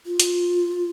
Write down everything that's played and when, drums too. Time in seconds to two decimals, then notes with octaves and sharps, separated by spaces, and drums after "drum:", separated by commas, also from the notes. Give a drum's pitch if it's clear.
0.06 F4
0.20 drum: hi-hat